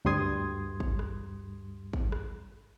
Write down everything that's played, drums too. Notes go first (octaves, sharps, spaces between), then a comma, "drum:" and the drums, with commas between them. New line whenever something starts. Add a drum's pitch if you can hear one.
D2 G2 G3 C6 D#6 G#6
drum: kick
drum: rim click
drum: kick
drum: rim click